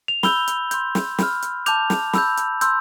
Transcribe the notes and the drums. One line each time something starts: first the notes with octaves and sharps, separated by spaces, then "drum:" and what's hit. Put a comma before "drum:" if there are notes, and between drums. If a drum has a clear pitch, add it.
F7
B5 E6 G6 G7, drum: snare
drum: hi-hat
C6 G6, drum: hi-hat
drum: snare
B5 F6, drum: snare
drum: hi-hat
A5 D6 G6 F7, drum: hi-hat
drum: snare
B5 E6 G6, drum: snare
drum: hi-hat
C6 E6 G6, drum: hi-hat